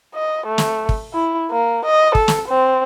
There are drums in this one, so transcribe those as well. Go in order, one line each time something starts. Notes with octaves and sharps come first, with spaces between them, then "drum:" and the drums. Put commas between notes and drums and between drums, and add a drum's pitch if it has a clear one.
D#5
A3
drum: snare
drum: kick
E4
A#3
D#5
A4, drum: kick
drum: snare
C4